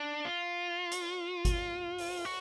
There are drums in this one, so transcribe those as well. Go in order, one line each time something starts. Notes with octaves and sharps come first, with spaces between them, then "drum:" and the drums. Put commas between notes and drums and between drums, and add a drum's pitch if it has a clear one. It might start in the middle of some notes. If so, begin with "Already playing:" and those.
Already playing: D4
F4
drum: hi-hat
drum: kick G1, hi-hat
drum: open hi-hat
F#4